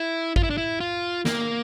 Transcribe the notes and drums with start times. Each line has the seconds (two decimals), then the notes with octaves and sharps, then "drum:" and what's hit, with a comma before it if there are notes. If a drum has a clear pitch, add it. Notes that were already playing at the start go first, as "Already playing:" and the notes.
Already playing: E4
0.36 F4, drum: kick
0.43 E4
0.50 D4
0.57 E4
0.80 F4
1.25 A#3, drum: snare